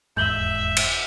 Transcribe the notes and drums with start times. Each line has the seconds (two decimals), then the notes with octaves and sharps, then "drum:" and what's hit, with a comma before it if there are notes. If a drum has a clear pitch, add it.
0.17 E1 D#2 G#2 E5 G6 F#7 G7
0.77 drum: cymbal